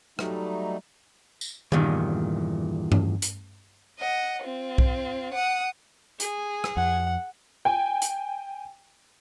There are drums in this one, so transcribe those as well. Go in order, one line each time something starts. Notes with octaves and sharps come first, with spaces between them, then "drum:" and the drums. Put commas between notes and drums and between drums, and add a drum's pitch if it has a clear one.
F#3 G3 A3 D#4, drum: rim click
drum: tambourine
E2 G2 A#2 D#3, drum: tom D#3
drum: tom G2
drum: hi-hat
D#5 F#5
C4 F4
drum: kick B1
F#5 D#6
G#4, drum: hi-hat
drum: rim click
F2 F#5
G5 G#5
drum: hi-hat